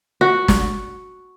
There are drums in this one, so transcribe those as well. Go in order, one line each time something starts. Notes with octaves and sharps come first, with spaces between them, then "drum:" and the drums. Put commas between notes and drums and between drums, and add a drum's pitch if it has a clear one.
F#4
drum: snare